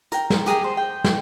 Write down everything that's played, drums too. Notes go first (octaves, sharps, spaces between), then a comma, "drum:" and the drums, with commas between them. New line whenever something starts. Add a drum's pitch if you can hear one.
A#4 G5, drum: hi-hat
drum: snare
G4 G#4 A#4 G5, drum: hi-hat
C5
G5
drum: snare